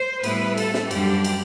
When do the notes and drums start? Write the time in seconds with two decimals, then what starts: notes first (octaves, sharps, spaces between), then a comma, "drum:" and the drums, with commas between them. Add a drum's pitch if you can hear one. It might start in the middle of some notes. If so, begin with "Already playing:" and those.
Already playing: C5
0.24 A2 G3 B3 E4 B4, drum: cymbal
0.57 A4, drum: cymbal
0.74 drum: snare
0.91 F#2 D3 G3 D4 G4, drum: cymbal
1.24 drum: cymbal